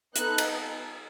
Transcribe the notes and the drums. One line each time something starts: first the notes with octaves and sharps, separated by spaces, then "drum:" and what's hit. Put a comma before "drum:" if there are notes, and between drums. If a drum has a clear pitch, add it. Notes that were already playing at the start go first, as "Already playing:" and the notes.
B3 D#4 A4 F#6, drum: hi-hat
drum: cymbal